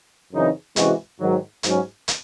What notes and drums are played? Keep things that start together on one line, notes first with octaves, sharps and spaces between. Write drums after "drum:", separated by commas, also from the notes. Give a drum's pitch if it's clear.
F#2 C#3 E3 C4 D#4
C3 E3 G#3 C#4 F#4, drum: hi-hat
G#2 D#3 F#3
G#2 F#3 C#4, drum: hi-hat
drum: hi-hat